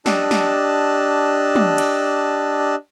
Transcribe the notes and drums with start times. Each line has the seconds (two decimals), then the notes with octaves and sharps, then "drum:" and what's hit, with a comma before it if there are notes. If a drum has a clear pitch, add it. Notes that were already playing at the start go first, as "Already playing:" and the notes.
0.06 D4 G4 D#5 A5 E6 F#6, drum: snare
0.31 drum: snare
1.55 drum: tom
1.78 drum: cymbal